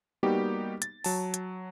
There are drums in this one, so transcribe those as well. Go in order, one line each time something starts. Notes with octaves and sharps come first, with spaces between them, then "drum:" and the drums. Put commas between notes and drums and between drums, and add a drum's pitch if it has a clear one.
G3 A#3 B3 D#4 F#4 G4
A6, drum: hi-hat
F#3 A5, drum: open hi-hat
drum: hi-hat